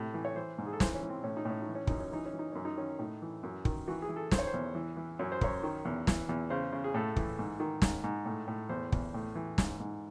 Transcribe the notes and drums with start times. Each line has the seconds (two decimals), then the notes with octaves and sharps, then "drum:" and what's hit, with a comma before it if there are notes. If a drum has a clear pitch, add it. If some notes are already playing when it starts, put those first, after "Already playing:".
Already playing: A2 C3
0.14 E3
0.25 C#5
0.36 E3 C5
0.58 G#2
0.66 G#4
0.73 A4
0.80 E3 C5, drum: snare
0.95 C#4
1.02 E3
1.09 C4
1.24 A2 C#4
1.37 D#4
1.45 A2 C#4
1.62 D#4
1.68 E3
1.75 C#4
1.87 F#2 D#4, drum: kick
2.00 C#4
2.12 E3 D#4
2.26 C#4
2.33 E3
2.39 D#4
2.52 F#2 C#4
2.65 D#4
2.77 D#3 C#4
2.99 A2 D#4
3.22 E3
3.43 F#2
3.65 D#3, drum: kick
3.88 E3 F#4
4.02 G#4
4.09 E3
4.16 A4
4.31 D#3 C5, drum: snare
4.39 C#5
4.47 C5
4.54 E2
4.75 E3
4.97 E3
5.19 F#2 C#5
5.32 C5
5.41 F#2 C#5, drum: kick
5.63 D#3
5.85 E2
6.07 E3, drum: snare
6.29 E2
6.50 C#3 C5
6.73 C#3
6.84 G#4
6.94 A2 A4
7.16 E3, drum: kick
7.39 G#2
7.60 D#3
7.82 G#2, drum: snare
8.04 G#2
8.26 A2
8.48 A2
8.69 E2 C5
8.92 E2, drum: kick
9.14 A2
9.35 E3
9.58 G#2, drum: snare
9.80 G#2